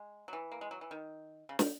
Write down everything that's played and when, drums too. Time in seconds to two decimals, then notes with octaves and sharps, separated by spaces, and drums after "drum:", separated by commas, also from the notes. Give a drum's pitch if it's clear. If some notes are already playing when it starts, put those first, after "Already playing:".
Already playing: G#3
0.28 F#3
0.33 E3
0.52 A#3
0.61 G#3
0.71 F#3
0.81 E3
0.91 D#3
1.49 C#3
1.59 D#3, drum: snare